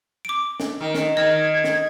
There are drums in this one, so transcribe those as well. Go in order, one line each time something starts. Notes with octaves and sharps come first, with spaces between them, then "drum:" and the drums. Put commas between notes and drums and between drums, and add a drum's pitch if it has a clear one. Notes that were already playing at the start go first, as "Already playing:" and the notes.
D6 D7
drum: snare
D#3
drum: snare
D#3 D#5 G#6
drum: snare